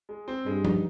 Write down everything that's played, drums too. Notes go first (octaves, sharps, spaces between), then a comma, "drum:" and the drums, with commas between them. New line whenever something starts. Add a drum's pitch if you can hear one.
G#3
C4
G2 G#3
D#4, drum: tom F3